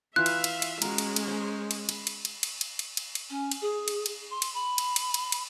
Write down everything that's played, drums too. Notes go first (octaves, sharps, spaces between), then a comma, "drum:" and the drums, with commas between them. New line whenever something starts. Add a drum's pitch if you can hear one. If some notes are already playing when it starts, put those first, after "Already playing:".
E3 F4 E5 F5 F#6
drum: cymbal
drum: cymbal
drum: cymbal
G#3 C#4 F#4 A#4, drum: cymbal
drum: cymbal
drum: cymbal
C5 A#5
drum: cymbal
B5, drum: cymbal
drum: cymbal
drum: cymbal
drum: cymbal
drum: cymbal
drum: cymbal
drum: cymbal
drum: cymbal
C#4
drum: cymbal
G#4
drum: cymbal
drum: cymbal
C6
drum: cymbal
B5
drum: cymbal
drum: cymbal
drum: cymbal
drum: cymbal